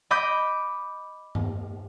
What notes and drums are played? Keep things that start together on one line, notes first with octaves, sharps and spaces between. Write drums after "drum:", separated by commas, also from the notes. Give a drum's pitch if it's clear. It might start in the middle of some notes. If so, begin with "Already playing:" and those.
D#5 B5 D6 D#6 G6 B6
drum: tom G2